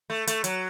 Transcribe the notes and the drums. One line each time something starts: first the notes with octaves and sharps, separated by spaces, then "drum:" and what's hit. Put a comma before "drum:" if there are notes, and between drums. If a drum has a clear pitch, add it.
A3
A3, drum: hi-hat
F#3, drum: hi-hat